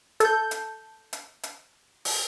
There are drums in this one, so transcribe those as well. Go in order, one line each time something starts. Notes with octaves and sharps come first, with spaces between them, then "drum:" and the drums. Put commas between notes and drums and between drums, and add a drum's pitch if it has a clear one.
A4 G6, drum: hi-hat
drum: hi-hat
drum: hi-hat
drum: hi-hat
drum: open hi-hat